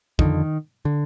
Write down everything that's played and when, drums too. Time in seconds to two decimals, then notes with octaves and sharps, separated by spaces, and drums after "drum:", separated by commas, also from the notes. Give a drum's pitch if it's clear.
0.19 F2 D3 D#3, drum: kick
0.85 D3